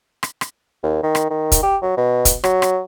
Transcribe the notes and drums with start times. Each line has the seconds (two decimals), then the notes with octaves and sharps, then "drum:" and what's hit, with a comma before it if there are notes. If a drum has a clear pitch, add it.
0.23 drum: rim click
0.41 drum: rim click
0.83 D#2
1.03 D#3
1.15 drum: rim click
1.30 D#3
1.52 drum: kick, hi-hat
1.63 G4
1.82 F#3
1.97 B2
2.25 drum: kick, hi-hat
2.44 F#3, drum: rim click
2.62 drum: rim click